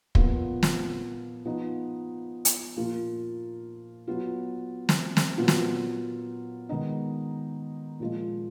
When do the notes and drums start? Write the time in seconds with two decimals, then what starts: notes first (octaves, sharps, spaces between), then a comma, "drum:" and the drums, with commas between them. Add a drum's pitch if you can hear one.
0.15 A#2 F3 B3, drum: kick
0.63 drum: snare
1.45 F3 B3 D#4
2.45 drum: hi-hat
2.77 A#2 F3 A#3 F4
4.07 F#3 B3 F4
4.89 drum: snare
5.17 drum: snare
5.38 A#2 F#3 B3 F4
5.48 drum: snare
6.69 D#3 G#3 B3 D#4
8.00 A#2 F3 G#3